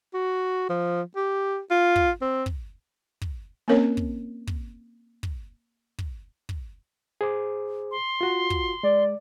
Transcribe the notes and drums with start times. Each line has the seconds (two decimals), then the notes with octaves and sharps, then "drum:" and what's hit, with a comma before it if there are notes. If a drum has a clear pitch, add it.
0.14 F#4
0.70 F3
1.16 G4
1.71 F4
1.96 drum: kick
2.22 C4
2.46 drum: kick
3.22 drum: kick
3.68 A#3 C4 C#4 A#4 C#5 D#5
3.97 drum: kick
4.47 drum: kick
5.23 drum: kick
5.98 drum: kick
6.49 drum: kick
7.21 G#4 C5 D6
7.91 C6
8.21 F4 F#4
8.50 drum: kick
8.83 G#3 D5